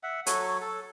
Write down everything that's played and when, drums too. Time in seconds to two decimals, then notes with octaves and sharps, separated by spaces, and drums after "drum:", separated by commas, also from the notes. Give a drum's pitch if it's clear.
0.03 E5 F#5
0.26 F#3 F#4 A4 C#5, drum: hi-hat
0.61 A4